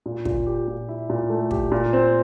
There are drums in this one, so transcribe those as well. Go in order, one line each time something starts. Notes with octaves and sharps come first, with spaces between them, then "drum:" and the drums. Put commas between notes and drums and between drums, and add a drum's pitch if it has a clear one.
A#2
A#2, drum: kick
G4
A#2
E4
A#2
A3
G4, drum: kick
A#2
C4